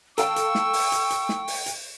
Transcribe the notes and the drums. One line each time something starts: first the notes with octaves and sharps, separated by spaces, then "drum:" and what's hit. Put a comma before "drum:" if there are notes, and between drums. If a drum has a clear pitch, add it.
A4 F5 G5 C#6 E6, drum: hi-hat
drum: hi-hat
drum: snare
drum: open hi-hat
drum: hi-hat
drum: hi-hat
drum: snare
drum: open hi-hat
drum: hi-hat